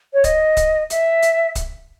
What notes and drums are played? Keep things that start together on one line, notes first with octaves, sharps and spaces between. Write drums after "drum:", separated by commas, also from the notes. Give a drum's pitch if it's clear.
C#5
D#5, drum: kick C#1, hi-hat
drum: kick C#1, hi-hat
E5, drum: hi-hat
drum: hi-hat
drum: kick C#1, hi-hat